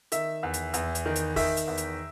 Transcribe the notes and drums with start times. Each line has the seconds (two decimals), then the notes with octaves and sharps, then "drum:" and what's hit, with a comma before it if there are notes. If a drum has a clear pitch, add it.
0.12 D#3 E5, drum: hi-hat
0.43 E2
0.54 drum: hi-hat
0.74 E2, drum: hi-hat
0.95 drum: hi-hat
1.06 D#3
1.15 drum: hi-hat
1.36 D#3 E5, drum: kick, open hi-hat
1.57 drum: hi-hat
1.68 E2
1.77 drum: hi-hat